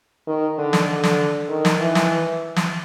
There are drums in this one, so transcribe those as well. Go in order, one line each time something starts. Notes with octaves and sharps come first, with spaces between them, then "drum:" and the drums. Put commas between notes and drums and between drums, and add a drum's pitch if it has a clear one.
D#3
D3
drum: snare
D3
drum: snare
D#3
drum: snare
E3
drum: snare
drum: snare